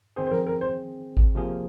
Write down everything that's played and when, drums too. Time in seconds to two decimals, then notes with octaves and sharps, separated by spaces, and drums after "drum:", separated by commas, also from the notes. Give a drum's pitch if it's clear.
0.16 D#3 C4 G#4 C5
0.27 C5
0.31 A#4, drum: tom F3
0.47 A#4
0.61 C5
1.17 drum: kick G#1
1.35 C3 F3 A#3 G#4